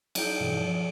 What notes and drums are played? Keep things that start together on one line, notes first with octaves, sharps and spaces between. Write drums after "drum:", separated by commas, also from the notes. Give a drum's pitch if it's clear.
F#3 D#4 E4 G5 G6, drum: cymbal
G2 B2 E3
F3